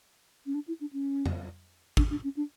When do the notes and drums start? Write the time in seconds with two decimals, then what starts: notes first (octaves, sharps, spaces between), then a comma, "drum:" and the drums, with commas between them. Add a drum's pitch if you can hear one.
0.46 C#4
0.54 D4
0.68 E4
0.81 D4
0.93 C#4
1.26 drum: tom F2
1.97 D4, drum: kick G#1
2.11 D4
2.24 C#4
2.37 D4